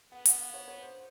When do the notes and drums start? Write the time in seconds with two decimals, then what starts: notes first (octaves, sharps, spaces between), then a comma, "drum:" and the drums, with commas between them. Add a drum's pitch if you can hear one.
0.12 B3 F#5
0.25 F#5, drum: hi-hat
0.40 F5
0.54 C#5
0.68 C#5
0.82 C5